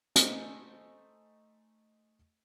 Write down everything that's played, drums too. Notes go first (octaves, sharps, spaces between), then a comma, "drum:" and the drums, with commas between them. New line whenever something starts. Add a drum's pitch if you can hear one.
A3 D#4 C5 D#5 G#5, drum: hi-hat